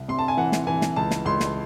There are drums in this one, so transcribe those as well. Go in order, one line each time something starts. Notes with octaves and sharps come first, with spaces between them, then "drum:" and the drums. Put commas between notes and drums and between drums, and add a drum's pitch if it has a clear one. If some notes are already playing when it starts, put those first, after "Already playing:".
Already playing: C2
C3 C6
A5
G#5
E3 F#5
drum: snare
E3 G#5
drum: snare
C#2 A5
drum: snare
C#2 C6
drum: snare